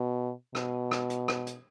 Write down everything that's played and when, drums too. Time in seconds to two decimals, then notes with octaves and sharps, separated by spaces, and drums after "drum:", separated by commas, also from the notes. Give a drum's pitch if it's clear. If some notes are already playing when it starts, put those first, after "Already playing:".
Already playing: B2
0.55 B2, drum: rim click
0.91 drum: rim click
1.10 drum: hi-hat
1.28 drum: rim click
1.47 drum: hi-hat